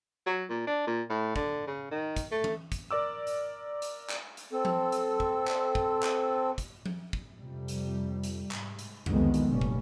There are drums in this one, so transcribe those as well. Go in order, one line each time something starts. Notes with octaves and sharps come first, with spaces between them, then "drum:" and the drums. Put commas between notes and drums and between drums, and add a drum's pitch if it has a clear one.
F#3
A#2
D4
A#2
A2
D3, drum: kick
C#3
D#3
drum: kick, hi-hat
A3
drum: tom E3
drum: kick, hi-hat
A#4 D5 D6 E6
drum: hi-hat
drum: hi-hat
drum: clap
drum: hi-hat
C4 A4
drum: tom F3
drum: hi-hat
drum: kick
drum: clap
drum: kick
drum: clap
drum: kick, hi-hat
drum: tom F3
drum: kick
F2 C3 G3
drum: hi-hat
drum: hi-hat
G#2, drum: clap
drum: hi-hat
C2 F2 D3 D#3 G#3 B3, drum: tom E2
drum: hi-hat
F1 G2 A#2 G3 C#4
drum: kick